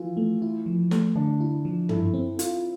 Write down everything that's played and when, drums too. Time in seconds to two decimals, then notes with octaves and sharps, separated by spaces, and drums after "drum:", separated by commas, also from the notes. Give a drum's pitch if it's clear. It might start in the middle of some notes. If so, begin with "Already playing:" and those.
Already playing: E3 F3 F4
0.17 A3
0.42 E4
0.66 F3
0.91 A3, drum: snare
1.15 D3 D4
1.40 E4
1.65 F3
1.89 E4 A4, drum: tom
2.14 C4
2.39 F4, drum: hi-hat